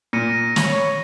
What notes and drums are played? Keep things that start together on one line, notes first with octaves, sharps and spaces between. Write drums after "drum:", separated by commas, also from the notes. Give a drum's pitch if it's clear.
A#2 A#6 C#7 D#7
C#5 B5 C#6, drum: snare